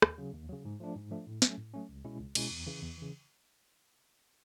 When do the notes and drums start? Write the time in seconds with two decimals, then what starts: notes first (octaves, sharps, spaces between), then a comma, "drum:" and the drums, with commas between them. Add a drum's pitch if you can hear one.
0.02 D#2, drum: rim click
0.18 C#3 F#3
0.33 D#2
0.49 C#3 F#3
0.65 G#2
0.80 F3 A3 D4
0.96 G#2
1.11 F3 A3 D4
1.27 A2
1.42 F#3 A3 C#4, drum: snare
1.58 A2
1.73 F#3 A3 C#4
1.89 C#2
2.04 B2 G#3 C#4 E4
2.20 C#2
2.35 B2 G#3 C#4 E4, drum: cymbal
2.51 E2
2.67 C#3 E3
2.82 E2
2.98 C#3 E3